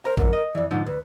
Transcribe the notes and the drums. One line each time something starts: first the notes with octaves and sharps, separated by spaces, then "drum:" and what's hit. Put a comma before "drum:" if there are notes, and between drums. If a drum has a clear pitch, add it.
A#4 C5 A#5
F#2 D3 A#4, drum: kick A1
D#5
F2 E3 D5
G#2 D3 F3 D#4
D2 B4